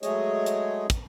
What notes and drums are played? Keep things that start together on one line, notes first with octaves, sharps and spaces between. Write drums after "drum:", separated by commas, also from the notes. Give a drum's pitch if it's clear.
F#3 G#3 A3 G#4 C#5 D#5, drum: hi-hat
drum: hi-hat
drum: kick, hi-hat